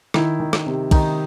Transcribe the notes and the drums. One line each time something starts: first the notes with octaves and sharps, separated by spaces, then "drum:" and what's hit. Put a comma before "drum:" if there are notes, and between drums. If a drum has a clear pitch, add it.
D#3 E4, drum: rim click
D#3
drum: rim click
C3
D#3 D#4, drum: kick, cymbal